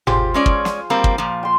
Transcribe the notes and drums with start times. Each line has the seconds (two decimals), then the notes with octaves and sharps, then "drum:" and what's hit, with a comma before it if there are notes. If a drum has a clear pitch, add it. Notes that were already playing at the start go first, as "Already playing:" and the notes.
0.07 F4 G4 G#4 C5, drum: tom G1
0.34 G#3 C#4 D5
0.46 drum: kick
0.65 drum: snare
0.90 G3 A#3 C4
1.04 drum: kick
1.18 A#2 F3
1.43 G5 C6